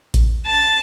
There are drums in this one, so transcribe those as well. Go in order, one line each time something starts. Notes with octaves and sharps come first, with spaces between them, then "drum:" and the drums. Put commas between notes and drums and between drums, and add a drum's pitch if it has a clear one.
drum: kick A1, hi-hat
A5